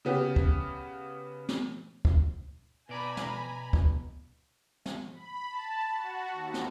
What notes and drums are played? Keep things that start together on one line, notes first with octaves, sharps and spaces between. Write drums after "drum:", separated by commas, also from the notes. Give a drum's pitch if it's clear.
C#3 B3 C#4 G4
drum: kick
drum: snare
drum: kick
B2 D5 G#5 A#5 B5
drum: snare
drum: kick
drum: snare
B5
A5
F#4
D#2
drum: snare